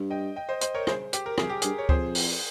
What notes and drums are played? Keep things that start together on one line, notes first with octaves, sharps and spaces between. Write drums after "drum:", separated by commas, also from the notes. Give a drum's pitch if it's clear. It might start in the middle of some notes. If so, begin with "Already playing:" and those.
Already playing: G2
D#5 G5
D#5 G5
C5 D#5
C5 D#5, drum: hi-hat
A#4 C#5
G#4 C5, drum: rim click
G4, drum: hi-hat
A#4
F2 G#4, drum: rim click
G4
G2 G#4, drum: hi-hat
C#5
F2 G#4 C5, drum: kick D2
drum: open hi-hat